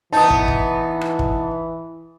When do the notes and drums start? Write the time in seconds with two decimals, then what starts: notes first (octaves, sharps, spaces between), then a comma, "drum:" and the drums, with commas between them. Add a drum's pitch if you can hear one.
0.13 E3 B3 D#4 A5 D#6
0.30 drum: kick
0.48 drum: kick
1.01 drum: rim click
1.19 drum: kick